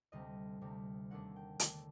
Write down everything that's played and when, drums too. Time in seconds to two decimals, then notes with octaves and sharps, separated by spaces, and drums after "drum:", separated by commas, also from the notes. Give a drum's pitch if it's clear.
0.12 D2 C3 G3 C4 D#5
0.61 D2 C3 G3 C4
1.11 D#2 D3 A3 D4 F#5
1.36 G5
1.60 D#2 D3 A3 D4, drum: hi-hat